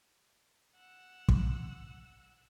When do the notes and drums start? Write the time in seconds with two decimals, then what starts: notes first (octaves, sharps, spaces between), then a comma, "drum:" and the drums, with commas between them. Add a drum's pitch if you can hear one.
0.76 F#5 E6
1.29 drum: kick